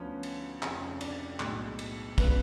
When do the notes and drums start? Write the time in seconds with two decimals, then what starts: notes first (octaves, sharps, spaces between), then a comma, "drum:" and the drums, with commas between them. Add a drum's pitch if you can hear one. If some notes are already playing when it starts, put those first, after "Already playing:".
Already playing: D2 D3 F3 B3 C#4 C#5
0.23 drum: cymbal
0.62 F1 F2 C#3 F3, drum: clap
1.01 D4 D5, drum: cymbal
1.40 B1 A2 G#3, drum: clap
1.79 drum: cymbal
2.18 C#3 G#3 B3 D4 F4 B4, drum: kick, cymbal